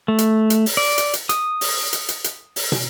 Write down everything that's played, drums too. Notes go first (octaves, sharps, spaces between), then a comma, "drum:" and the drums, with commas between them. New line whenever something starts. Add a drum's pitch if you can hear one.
A3
drum: hi-hat
drum: hi-hat
drum: open hi-hat
D5
drum: hi-hat
drum: hi-hat
D#6, drum: hi-hat
drum: open hi-hat
drum: hi-hat
drum: hi-hat
drum: hi-hat
drum: open hi-hat
drum: tom